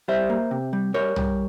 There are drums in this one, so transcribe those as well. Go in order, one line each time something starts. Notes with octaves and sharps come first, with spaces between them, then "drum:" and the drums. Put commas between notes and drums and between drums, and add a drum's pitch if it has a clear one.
G3 C5 E5
A#3
C3
G3
G3 A#4 C#5
G3, drum: tom B1